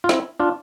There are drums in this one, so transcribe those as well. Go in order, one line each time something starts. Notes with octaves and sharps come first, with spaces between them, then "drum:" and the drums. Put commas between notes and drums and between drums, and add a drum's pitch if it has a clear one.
F4
C4 E4, drum: snare
D4 F4